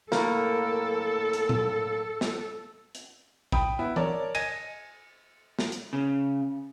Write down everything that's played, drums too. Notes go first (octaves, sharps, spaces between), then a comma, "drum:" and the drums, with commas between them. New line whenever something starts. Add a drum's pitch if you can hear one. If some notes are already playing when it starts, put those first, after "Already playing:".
A2 A#3 A4, drum: snare
drum: hi-hat
drum: tom A2
drum: snare
drum: hi-hat
G5 B5 D#6, drum: kick
B3 E4
A#4 C#5 D5 A5, drum: tom E3
D#5 G#5 G#6 A#6 D#7, drum: cymbal
drum: snare
drum: hi-hat
C#3